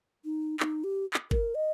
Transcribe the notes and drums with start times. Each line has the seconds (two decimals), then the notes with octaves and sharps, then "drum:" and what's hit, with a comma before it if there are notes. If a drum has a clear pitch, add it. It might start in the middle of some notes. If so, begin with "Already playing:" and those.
0.25 D#4
0.60 D#4, drum: clap
0.84 G4
1.14 drum: clap
1.31 A#4, drum: kick
1.55 D#5